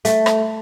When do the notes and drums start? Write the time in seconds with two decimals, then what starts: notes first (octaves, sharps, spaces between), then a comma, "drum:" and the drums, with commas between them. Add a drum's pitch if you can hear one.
0.05 A3, drum: hi-hat
0.26 drum: rim click